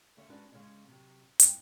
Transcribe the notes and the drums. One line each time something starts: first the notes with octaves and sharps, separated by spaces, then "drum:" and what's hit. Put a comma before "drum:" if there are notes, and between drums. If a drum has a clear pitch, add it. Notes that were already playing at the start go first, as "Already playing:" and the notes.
D2 C#3 C#5 E5
G#3 C#4 D4 F#4 B4
C#3 G#3 C#4 C#5 D#5
C3 F#3
G#2 C4 D#4, drum: hi-hat